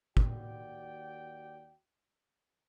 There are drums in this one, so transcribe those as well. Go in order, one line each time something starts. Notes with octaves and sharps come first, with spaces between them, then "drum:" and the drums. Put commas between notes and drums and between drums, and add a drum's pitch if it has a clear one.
D#2 F#4 D5 G5, drum: kick